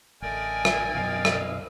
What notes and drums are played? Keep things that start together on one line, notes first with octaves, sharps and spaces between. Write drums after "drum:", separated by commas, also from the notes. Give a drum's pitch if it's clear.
A1 D3 A3 A#4 D5 D#5 G5 G#5
drum: rim click
F#2 B2 E3 D#5 F5
drum: rim click